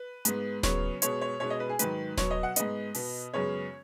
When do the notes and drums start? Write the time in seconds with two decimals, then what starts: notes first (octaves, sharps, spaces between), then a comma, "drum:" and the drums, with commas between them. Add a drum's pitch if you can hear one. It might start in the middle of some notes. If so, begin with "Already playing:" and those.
Already playing: B4
0.25 G#2 G#3 B3, drum: hi-hat
0.63 C#3 F#3 B3 C#5, drum: snare D#1
1.02 B2 G#3 B3 C#5, drum: hi-hat
1.21 C#5
1.40 B2 G#3 B3 C#5
1.50 D#5
1.60 B4
1.69 G#4
1.79 G#2 D#3 F#3 B4, drum: hi-hat
2.17 B2 F#3 B3 C#5, drum: snare D#1
2.31 D#5
2.43 F#5
2.56 G#2 G#3 B3 D#5, drum: hi-hat
2.95 B2 B3, drum: open hi-hat
3.33 F#2 C#3 G#3 B3 C#5